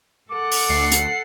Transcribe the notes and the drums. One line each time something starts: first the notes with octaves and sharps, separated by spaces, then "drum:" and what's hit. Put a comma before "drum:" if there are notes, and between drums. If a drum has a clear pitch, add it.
A4 F#5 D6
drum: open hi-hat
D2 C7
drum: hi-hat